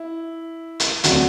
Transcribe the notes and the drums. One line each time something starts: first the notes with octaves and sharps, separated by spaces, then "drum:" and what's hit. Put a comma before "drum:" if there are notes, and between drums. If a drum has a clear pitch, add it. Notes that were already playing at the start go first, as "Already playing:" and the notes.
Already playing: E4
drum: hi-hat
D2 D3 F#3 C4 F#4, drum: hi-hat